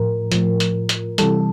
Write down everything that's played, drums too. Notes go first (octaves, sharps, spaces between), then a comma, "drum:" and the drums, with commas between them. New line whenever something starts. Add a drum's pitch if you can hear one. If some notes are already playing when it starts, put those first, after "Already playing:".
Already playing: A2 F3 A#4
A2 F3, drum: hi-hat
drum: hi-hat
drum: hi-hat
C3 E3 G3 A4, drum: hi-hat